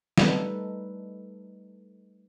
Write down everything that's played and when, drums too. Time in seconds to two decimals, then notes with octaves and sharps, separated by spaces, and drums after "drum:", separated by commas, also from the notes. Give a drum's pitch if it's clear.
0.18 G3 A3 D#4 A4 B4, drum: snare